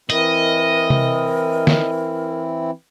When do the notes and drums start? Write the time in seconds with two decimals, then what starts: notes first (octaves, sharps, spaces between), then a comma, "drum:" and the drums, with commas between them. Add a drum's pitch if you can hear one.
0.10 E3 C4 E4 A#4 D#5, drum: hi-hat
0.90 drum: tom C3
1.67 drum: snare